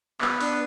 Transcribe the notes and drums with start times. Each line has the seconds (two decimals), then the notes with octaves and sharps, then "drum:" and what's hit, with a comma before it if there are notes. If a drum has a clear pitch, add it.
0.21 B3 B4, drum: clap
0.41 D4, drum: open hi-hat